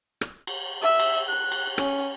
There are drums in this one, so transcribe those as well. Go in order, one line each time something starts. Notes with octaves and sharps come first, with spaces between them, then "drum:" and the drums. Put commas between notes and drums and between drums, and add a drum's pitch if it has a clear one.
drum: rim click
drum: cymbal
E5
drum: cymbal
F#6
drum: cymbal
C#4, drum: rim click